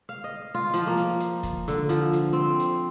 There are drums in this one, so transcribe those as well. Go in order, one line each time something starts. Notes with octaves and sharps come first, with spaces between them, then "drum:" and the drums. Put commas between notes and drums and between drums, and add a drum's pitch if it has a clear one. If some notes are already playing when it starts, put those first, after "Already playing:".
F5
D#5
F4
F3, drum: hi-hat
A#3
drum: hi-hat
drum: hi-hat
drum: kick, hi-hat
D3, drum: hi-hat
F3, drum: hi-hat
drum: hi-hat
C4
drum: hi-hat